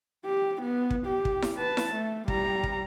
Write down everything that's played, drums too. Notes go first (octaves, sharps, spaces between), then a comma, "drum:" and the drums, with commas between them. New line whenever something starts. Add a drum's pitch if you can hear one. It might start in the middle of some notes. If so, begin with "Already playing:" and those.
G4
B3
drum: kick
G4
drum: kick
drum: snare E4
B4 A5
drum: snare E4
A3
G3 A#5, drum: kick
drum: kick